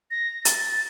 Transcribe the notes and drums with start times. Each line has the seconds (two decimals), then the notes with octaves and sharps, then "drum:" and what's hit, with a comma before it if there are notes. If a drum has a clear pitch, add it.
0.11 A#6
0.45 A6, drum: hi-hat